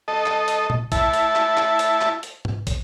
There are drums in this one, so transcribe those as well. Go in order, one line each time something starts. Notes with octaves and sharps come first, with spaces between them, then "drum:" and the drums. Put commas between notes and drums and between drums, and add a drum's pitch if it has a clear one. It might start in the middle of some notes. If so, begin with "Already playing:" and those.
A4 D#5
drum: clap
drum: hi-hat
drum: tom
E4 A5, drum: kick, hi-hat
drum: hi-hat
drum: clap
drum: clap
drum: hi-hat
drum: clap
drum: hi-hat
drum: tom
drum: kick, hi-hat